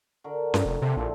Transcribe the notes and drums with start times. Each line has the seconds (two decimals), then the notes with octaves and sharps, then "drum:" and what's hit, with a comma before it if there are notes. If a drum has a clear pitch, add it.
0.24 D3 F#4 A#4
0.54 G2, drum: snare C#4
0.65 F1
0.82 C3 F3 C4
0.97 A#1 D3 E4 A4